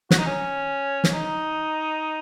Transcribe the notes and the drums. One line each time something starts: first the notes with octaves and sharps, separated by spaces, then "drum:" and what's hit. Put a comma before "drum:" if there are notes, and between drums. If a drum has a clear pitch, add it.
F#4, drum: snare
D#4
C#4
drum: snare
D#4